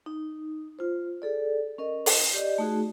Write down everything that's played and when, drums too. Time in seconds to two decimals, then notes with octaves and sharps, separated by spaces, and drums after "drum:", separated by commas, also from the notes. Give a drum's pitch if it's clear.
0.06 D#4
0.79 F4 C5
1.22 G#4 A4 D5
1.78 C#4 A#4 D#5
2.06 drum: open hi-hat
2.33 G4 D5 D#5
2.58 A3 D#4 F#4 G#4